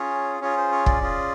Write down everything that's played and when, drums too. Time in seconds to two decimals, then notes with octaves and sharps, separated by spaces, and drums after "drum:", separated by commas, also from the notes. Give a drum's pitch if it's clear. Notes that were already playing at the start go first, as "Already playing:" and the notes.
Already playing: C#4 F4 G#4 C#5
0.41 C#4 F4 G#4 C#5
0.57 C5
0.72 C#5
0.86 D5, drum: kick
1.01 C#4 F4 G#4